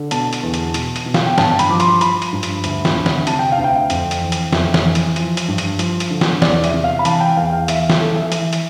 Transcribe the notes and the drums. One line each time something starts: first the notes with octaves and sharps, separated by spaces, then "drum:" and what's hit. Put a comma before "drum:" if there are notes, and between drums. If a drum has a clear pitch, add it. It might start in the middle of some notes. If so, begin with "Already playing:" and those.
Already playing: D3
B2 A5, drum: hi-hat
drum: hi-hat
E2
drum: hi-hat
B2, drum: hi-hat
drum: hi-hat
B2
F5, drum: snare
G5
G2 A5, drum: snare
A5
B5, drum: hi-hat
F3 D6
C6, drum: hi-hat
F3 B5, drum: hi-hat
drum: hi-hat
G2
drum: hi-hat
D2, drum: hi-hat
drum: snare
D2
drum: snare
C3 A5, drum: hi-hat
G5
F5
D2
G5
F2, drum: hi-hat
drum: hi-hat
E3
drum: hi-hat
F2 E5, drum: snare
drum: snare
E3
drum: hi-hat
F3, drum: hi-hat
drum: hi-hat
G2
drum: hi-hat
F3, drum: hi-hat
drum: hi-hat
D3
drum: snare
E2 D5, drum: snare
E5, drum: hi-hat
C3
F5
B5
E3 A5, drum: hi-hat
G5
E2 F5
F5
E3 E5, drum: hi-hat
drum: snare
E3 A4
E5
E3, drum: hi-hat
drum: hi-hat